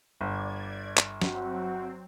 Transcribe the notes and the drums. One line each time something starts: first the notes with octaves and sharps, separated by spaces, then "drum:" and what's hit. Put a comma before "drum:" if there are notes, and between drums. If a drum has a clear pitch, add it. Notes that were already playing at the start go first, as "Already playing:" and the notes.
G1 D5 G#6
drum: clap
F#3 C4 F#4, drum: snare